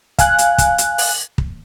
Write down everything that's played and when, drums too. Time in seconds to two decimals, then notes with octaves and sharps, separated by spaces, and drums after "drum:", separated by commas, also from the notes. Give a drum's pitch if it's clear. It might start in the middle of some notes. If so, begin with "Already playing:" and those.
0.19 F5 G#5 F#6, drum: kick, hi-hat
0.38 drum: hi-hat
0.58 drum: kick, hi-hat
0.78 drum: hi-hat
0.98 drum: open hi-hat
1.38 drum: kick